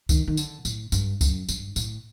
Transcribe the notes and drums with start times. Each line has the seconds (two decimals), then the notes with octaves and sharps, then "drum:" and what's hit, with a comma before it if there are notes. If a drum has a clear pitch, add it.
0.09 D#3, drum: kick C#2, tambourine
0.28 D#3
0.37 D3, drum: tambourine
0.65 A2, drum: tambourine
0.92 G2, drum: tambourine
1.21 F#2, drum: kick C#2, tambourine
1.49 G2, drum: tambourine
1.76 A2, drum: tambourine